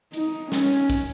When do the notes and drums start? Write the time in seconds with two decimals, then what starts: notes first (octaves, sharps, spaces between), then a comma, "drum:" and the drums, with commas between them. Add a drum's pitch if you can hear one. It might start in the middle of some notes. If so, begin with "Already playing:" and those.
0.13 D#4, drum: hi-hat
0.52 C#4, drum: snare
0.90 drum: kick, hi-hat